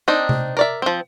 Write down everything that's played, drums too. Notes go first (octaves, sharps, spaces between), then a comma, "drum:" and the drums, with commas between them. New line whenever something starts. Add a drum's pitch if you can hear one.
C4 D4 D#4
drum: tom C3
A#4 D5 E5
F3 C4